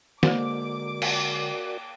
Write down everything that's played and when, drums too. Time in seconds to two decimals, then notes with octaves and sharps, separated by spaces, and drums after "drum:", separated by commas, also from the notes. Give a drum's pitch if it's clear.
0.23 D3 G#3 A#3 F#4 A#4 C5 D5 D6, drum: snare
1.02 drum: cymbal